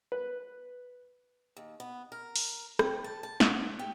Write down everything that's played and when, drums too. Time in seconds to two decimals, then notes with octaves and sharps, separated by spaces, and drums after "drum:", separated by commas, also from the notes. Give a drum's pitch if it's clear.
0.12 B4
1.57 D#2
1.80 B3
2.12 A#4
2.36 drum: open hi-hat
2.79 C4, drum: rim click
3.04 A5
3.23 A5
3.40 F#3, drum: snare
3.79 G4